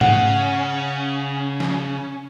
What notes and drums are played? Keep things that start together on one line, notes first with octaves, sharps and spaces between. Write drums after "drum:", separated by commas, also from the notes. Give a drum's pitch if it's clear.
C#3 C#4 F#5, drum: tom G#2
drum: snare